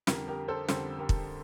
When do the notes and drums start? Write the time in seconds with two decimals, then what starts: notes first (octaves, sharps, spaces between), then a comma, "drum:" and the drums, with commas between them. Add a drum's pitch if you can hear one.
0.07 F2 D3 G3 G4 A#4, drum: snare
0.28 G4 A#4
0.48 A4 C5
0.68 F2 D3 G3 A4 C5, drum: snare
0.99 G4 A#4
1.09 drum: kick